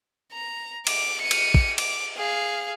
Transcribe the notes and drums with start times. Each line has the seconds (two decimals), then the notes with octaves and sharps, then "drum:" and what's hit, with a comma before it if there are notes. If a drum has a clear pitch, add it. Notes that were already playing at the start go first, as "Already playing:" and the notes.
0.33 A#5
0.87 D6, drum: cymbal
1.21 C#7 D#7
1.31 drum: cymbal
1.54 drum: kick
1.78 D6, drum: cymbal
2.17 G#4 F5